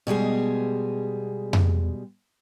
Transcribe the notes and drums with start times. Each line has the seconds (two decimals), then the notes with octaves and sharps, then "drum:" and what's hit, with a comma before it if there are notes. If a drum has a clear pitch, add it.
0.07 B2 G3 G#3 G#4
1.53 drum: tom F2